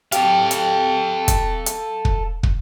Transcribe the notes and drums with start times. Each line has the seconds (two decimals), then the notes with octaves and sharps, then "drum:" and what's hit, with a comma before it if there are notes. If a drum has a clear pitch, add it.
0.12 G4 A4 F5, drum: hi-hat
0.51 drum: hi-hat
1.28 drum: kick, hi-hat
1.66 drum: hi-hat
2.05 drum: kick
2.43 drum: kick